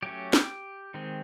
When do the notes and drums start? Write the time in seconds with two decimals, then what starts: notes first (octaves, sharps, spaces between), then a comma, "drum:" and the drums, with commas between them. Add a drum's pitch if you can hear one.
0.02 F#3 A3 C#4 G4
0.33 drum: snare
0.94 D#3 G#3 C4